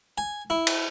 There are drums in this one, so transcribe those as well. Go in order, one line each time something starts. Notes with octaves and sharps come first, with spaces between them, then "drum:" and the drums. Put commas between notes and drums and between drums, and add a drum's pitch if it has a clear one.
G#5
E4
drum: cymbal